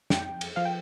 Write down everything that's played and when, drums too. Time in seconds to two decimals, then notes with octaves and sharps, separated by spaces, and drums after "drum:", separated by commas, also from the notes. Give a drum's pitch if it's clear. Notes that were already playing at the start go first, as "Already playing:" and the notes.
0.10 F2 G5, drum: snare
0.41 drum: cymbal
0.56 F3 F5
0.65 G5